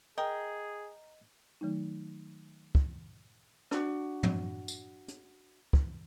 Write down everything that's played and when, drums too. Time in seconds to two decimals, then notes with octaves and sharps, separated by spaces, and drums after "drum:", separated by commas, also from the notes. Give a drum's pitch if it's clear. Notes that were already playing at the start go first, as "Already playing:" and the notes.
0.18 G#4 A#4 D#5 G5 D#6
1.61 D#3 F#3 A3 D#4
2.75 drum: kick
3.71 D4 F#4, drum: rim click
4.23 drum: tom
4.68 drum: tambourine
5.08 drum: hi-hat
5.73 drum: kick